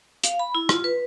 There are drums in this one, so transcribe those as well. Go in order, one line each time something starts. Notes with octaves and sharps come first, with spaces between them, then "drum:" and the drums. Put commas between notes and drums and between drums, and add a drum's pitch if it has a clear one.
F5, drum: hi-hat
B5
E4
F4, drum: rim click
B4